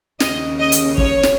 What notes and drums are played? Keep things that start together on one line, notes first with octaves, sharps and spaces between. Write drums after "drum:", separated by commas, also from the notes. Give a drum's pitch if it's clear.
D#2 C#3 D#5, drum: snare
D#5
drum: hi-hat
C#5, drum: kick F#1
drum: snare